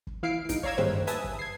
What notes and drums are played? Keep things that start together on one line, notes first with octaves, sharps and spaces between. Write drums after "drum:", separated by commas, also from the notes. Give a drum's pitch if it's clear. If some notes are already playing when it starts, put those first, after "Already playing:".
drum: kick
E3 E4 F5 C7 D7
B1 G#2 D#4 D7, drum: hi-hat
C#5 D5 F5 A#5 E6 G#6, drum: kick
D#3 G3 G#3 A#3 B4 C5, drum: tom
B4 E5 G#5 A5 D#6, drum: hi-hat
drum: kick
G#6 C7